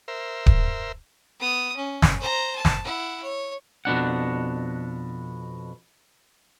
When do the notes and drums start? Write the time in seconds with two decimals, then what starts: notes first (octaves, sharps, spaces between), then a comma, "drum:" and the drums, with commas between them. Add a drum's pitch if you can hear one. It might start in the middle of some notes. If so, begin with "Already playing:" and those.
0.08 A#4 C5 E5
0.46 drum: kick D1
1.39 B3 D#6
1.76 C#4
2.02 drum: snare
2.20 C5 A#5
2.55 A5
2.65 drum: snare
2.85 E4 F#5
3.22 C#5
3.85 F2 B2 D4 F#5